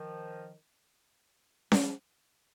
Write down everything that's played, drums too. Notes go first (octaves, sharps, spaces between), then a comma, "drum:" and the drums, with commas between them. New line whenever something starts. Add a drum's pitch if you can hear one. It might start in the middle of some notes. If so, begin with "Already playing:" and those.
Already playing: D#3 F3
F3 G3, drum: snare C#4